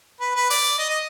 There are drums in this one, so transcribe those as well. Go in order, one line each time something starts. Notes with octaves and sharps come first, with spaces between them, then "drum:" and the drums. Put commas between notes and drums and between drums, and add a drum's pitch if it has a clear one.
B4
B4
D5, drum: open hi-hat
D#5
D#5